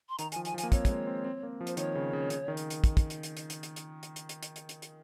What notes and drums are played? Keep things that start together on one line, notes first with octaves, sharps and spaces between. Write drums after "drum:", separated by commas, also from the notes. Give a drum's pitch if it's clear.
C6
D#3 A#5, drum: hi-hat
G#5, drum: hi-hat
F3
G#5, drum: hi-hat
F3
G#5, drum: hi-hat
A#3
C4 C#5, drum: kick, hi-hat
G#3, drum: kick, hi-hat
A#3
C4
C4
A#3
F3
C5, drum: hi-hat
D#3 C#5, drum: hi-hat
C#3
C#3
C#3, drum: hi-hat
D#3
drum: hi-hat
drum: hi-hat
drum: kick, hi-hat
drum: kick, hi-hat
drum: hi-hat
drum: hi-hat
drum: hi-hat
drum: hi-hat
drum: hi-hat
drum: hi-hat
drum: hi-hat
drum: hi-hat
drum: hi-hat
drum: hi-hat
drum: hi-hat
drum: hi-hat
drum: hi-hat